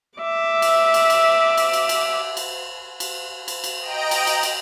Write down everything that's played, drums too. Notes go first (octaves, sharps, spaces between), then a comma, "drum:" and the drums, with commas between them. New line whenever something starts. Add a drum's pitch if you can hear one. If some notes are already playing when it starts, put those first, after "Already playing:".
E5 D6
drum: cymbal
drum: cymbal
drum: cymbal
drum: cymbal
drum: cymbal
drum: cymbal
drum: cymbal
drum: cymbal
drum: cymbal
drum: cymbal
D#5 G5 A#5 D7
drum: cymbal
drum: cymbal
drum: cymbal